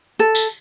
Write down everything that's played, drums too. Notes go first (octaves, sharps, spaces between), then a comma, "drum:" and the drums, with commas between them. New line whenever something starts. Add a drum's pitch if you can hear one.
A4
drum: tambourine